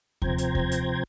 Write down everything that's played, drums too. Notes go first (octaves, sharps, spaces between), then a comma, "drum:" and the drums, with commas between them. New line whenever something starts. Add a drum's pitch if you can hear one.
C3 F3 C5 G5 A#5 G#6, drum: kick D#2
drum: hi-hat
drum: kick D#2
drum: hi-hat